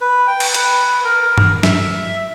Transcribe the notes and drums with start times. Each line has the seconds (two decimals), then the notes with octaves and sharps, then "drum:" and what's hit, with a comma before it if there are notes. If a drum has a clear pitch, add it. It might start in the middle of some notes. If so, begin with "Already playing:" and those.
0.01 B4
0.27 G5
0.40 drum: cymbal
0.54 B4, drum: hi-hat
1.05 A#4
1.22 A#4
1.38 drum: tom G2
1.63 E5, drum: snare